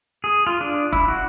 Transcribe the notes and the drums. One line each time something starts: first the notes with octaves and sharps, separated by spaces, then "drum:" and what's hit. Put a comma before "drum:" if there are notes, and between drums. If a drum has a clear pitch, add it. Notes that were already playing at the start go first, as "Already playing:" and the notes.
G#4
F4
D4
E4, drum: kick
F#4